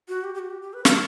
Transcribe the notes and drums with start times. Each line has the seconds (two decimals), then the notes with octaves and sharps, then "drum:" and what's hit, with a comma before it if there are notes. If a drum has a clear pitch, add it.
0.08 F#4
0.24 G4
0.34 G4
0.39 F#4
0.50 G4
0.62 G4
0.73 B4
0.85 A#4, drum: snare